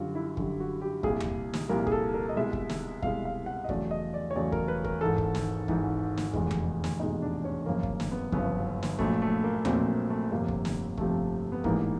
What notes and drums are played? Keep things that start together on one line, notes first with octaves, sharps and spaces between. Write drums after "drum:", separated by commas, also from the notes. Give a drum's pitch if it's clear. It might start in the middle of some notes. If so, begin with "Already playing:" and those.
Already playing: F#2 D3 G3 F4 F#4
E4
F#2 D3 G3, drum: kick
F#4
G4
C2 A#2 G3 G#4, drum: kick
drum: tom E2
drum: snare
C2 A#2 G3 A#4
G#4, drum: kick
A4
A#4
D#5
C2 B2 G#3 E5
drum: kick
drum: snare
C2 B2 G#3 F5, drum: kick
F5
F#5
D#5
E2 C#3 F#3 A3 D5, drum: kick
D#5
D5
C#5
E2 C#3 F#3 A3 D5
A#4, drum: kick
B4
A#4, drum: kick
G#1 G#2 E3 A4
drum: kick
drum: snare
G#1 G#2 E3, drum: kick
drum: snare
F1 E2 B2 G#3, drum: kick
drum: tom E2
drum: snare
F1 E2 B2 G#3 D#4
D4
C#4
G1 F#2 C#3 F3 A#3
drum: kick
drum: snare
B3
G1 F#2 C#3 F3 B3, drum: kick
drum: snare
A#1 A#2 F#3 A3, drum: kick
A3
A#3
A#1 A#2 F#3 A3 C4, drum: tom E2
A#3
A3
G1 F2 C3 F3 A#3
drum: kick
drum: snare
G1 F2 C3 F3 A3, drum: kick
B3
A1 G#2 E3 A#3, drum: kick